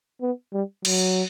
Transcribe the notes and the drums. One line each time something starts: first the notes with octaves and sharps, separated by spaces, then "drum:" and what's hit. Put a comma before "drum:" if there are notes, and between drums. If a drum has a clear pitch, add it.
B3
G3
F#3, drum: cymbal